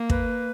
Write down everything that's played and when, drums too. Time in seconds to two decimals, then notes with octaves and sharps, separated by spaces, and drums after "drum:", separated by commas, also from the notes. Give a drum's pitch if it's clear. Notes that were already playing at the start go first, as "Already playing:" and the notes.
Already playing: A#3
0.10 B4, drum: kick